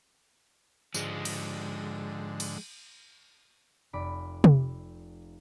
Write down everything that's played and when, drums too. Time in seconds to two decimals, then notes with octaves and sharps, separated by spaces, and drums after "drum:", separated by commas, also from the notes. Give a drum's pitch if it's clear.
0.94 G#2 D3 F3 G#3, drum: tambourine
1.25 drum: cymbal
2.40 drum: cymbal
3.93 F1 D5 B5 D6
4.44 drum: tom C3